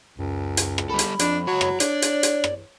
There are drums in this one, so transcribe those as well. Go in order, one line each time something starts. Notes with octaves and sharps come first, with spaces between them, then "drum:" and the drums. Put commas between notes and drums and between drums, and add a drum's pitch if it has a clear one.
C#2 F#2
drum: hi-hat
drum: rim click
G3 A4 B5
drum: hi-hat
F2 D4, drum: hi-hat
C#2 F#3 C#5
drum: rim click
D4 C#5 D5, drum: hi-hat
drum: hi-hat
drum: hi-hat
drum: rim click